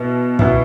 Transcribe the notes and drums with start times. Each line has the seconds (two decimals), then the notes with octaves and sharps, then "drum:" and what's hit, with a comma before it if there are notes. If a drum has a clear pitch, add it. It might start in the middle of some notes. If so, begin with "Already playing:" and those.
Already playing: B2 B3 E4
0.39 B2 B3 E4, drum: kick